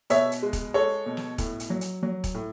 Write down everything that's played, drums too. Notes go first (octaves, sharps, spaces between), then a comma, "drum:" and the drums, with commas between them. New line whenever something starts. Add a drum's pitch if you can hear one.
B2 C#5 E5, drum: hi-hat
drum: hi-hat
G#3
drum: kick E1, hi-hat
G#3 A4 C#5
B2
drum: snare
A2, drum: kick E1, hi-hat
drum: hi-hat
F#3
drum: hi-hat
F#3
drum: kick E1, hi-hat
A2